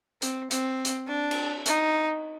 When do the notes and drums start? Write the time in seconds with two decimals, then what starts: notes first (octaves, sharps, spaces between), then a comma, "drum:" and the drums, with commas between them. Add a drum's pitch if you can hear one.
0.22 C4, drum: hi-hat
0.51 C4, drum: hi-hat
0.85 drum: hi-hat
1.07 D4
1.31 drum: cymbal
1.66 D#4, drum: hi-hat